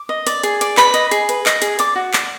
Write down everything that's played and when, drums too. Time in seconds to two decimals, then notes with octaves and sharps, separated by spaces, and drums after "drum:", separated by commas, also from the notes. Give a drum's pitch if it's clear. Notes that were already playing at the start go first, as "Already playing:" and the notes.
Already playing: D6
0.09 D#5
0.27 D5, drum: hi-hat
0.43 G#4, drum: hi-hat
0.61 D5, drum: hi-hat
0.77 B4 B5, drum: clap
0.94 D#5, drum: hi-hat
1.11 G#4, drum: hi-hat
1.29 B4, drum: hi-hat
1.46 D#5, drum: clap
1.62 G#4, drum: hi-hat
1.79 D5 D6, drum: hi-hat
1.96 F#4
2.13 D5, drum: clap